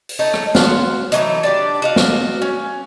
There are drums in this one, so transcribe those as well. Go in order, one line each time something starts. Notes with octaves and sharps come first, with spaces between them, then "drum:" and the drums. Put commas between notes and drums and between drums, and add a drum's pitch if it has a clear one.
drum: open hi-hat
A3 D#4 C#5
drum: rim click
F#4 C5 F5 F#5, drum: snare
E3 F#3 A3 D#4, drum: hi-hat
D4 G4 D5
F#4 D#5 F5
drum: snare
C#4